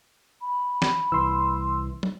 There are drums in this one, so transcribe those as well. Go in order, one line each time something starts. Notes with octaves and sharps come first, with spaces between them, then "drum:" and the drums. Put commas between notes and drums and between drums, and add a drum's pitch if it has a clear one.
B5
drum: snare
C2 E3 C6 E6
drum: tom